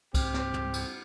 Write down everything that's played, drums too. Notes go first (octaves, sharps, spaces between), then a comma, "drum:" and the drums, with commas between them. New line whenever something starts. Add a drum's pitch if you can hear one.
C#2 G#2 C4 G4, drum: kick C2, cymbal
drum: snare
drum: tom
drum: cymbal